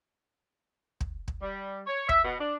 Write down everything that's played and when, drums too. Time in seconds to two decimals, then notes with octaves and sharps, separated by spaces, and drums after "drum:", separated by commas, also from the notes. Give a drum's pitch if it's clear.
1.01 drum: kick
1.28 drum: kick
1.42 G3
1.87 C#5
2.09 E5, drum: kick
2.24 B2
2.39 D4